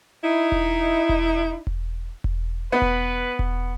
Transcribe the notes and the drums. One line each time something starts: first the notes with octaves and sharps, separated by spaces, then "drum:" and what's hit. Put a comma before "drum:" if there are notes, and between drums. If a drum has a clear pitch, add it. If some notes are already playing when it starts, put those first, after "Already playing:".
D#4 E4
drum: kick E1
drum: kick E1
drum: kick E1
drum: kick E1
B3 B4
drum: kick E1
drum: kick E1